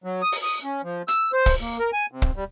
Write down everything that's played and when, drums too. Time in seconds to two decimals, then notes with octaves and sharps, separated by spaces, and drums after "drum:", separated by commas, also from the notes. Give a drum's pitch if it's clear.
0.04 F#3
0.22 D#6
0.32 drum: open hi-hat
0.42 D#6
0.64 C#4
0.83 F3
1.08 E6, drum: hi-hat
1.33 C5
1.46 drum: kick, open hi-hat
1.60 A#3
1.79 A#4
1.93 G#5
2.12 C3
2.22 drum: kick
2.36 G3